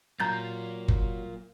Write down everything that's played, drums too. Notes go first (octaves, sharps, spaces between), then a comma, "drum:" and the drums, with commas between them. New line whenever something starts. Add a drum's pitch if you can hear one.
F#3 A#3 F4 A#5 G6 A6
drum: kick F#1